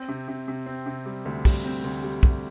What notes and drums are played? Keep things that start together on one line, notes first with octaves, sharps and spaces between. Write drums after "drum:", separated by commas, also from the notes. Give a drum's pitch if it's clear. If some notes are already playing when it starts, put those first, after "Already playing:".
Already playing: C4
C3
C3
C3
C4
C3
G3
D2
G3, drum: kick, open hi-hat
C4
D2
G3
G3, drum: kick